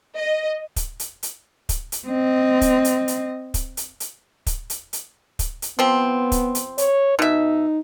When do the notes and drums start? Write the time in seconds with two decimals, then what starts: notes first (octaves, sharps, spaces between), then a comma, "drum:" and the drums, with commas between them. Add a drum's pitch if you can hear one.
0.16 D#5
0.76 drum: kick, hi-hat
1.00 drum: hi-hat
1.23 drum: hi-hat
1.69 drum: kick, hi-hat
1.92 drum: hi-hat
2.07 C4 D#5
2.61 drum: kick, hi-hat
2.85 drum: hi-hat
3.08 drum: hi-hat
3.54 drum: kick, hi-hat
3.77 drum: hi-hat
4.00 drum: hi-hat
4.47 drum: kick, hi-hat
4.70 drum: hi-hat
4.93 drum: hi-hat
5.39 drum: kick, hi-hat
5.62 drum: hi-hat
5.79 F3 B3 C4
6.32 drum: kick, hi-hat
6.55 drum: hi-hat
6.78 C#5, drum: hi-hat
7.19 B2 D#4 E5